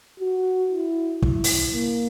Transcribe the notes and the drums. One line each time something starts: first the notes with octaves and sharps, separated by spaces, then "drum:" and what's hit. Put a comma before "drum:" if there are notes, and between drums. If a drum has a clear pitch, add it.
F#4
E4
E4, drum: kick
drum: open hi-hat
A#3